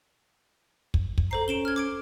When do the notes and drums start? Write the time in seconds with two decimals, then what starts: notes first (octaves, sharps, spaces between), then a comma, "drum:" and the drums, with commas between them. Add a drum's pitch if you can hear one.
0.94 drum: kick
1.18 drum: kick
1.31 A4 C5 A#5 C7
1.48 C#4 D7 E7 G7
1.65 F6 G#6
1.76 D6 G#6 D7